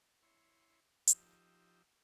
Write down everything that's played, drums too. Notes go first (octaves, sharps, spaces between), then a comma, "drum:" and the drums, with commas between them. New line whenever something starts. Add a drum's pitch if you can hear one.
E4 C#5 C6
F3 D#4 G4 E6, drum: hi-hat